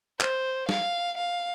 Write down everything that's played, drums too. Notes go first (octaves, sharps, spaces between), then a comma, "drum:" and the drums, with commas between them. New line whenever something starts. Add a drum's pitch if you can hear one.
C5, drum: clap
F5, drum: snare
F5